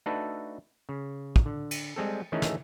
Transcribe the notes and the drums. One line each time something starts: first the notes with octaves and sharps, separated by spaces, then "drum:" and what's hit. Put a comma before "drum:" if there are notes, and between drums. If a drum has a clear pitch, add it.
A3 D4 D#4 F#4 A4 B4
C#3
drum: kick
D3
drum: cymbal
G3 G#3 C4 A4
D#3 E3 A3 C#4 D#4 G#4
drum: snare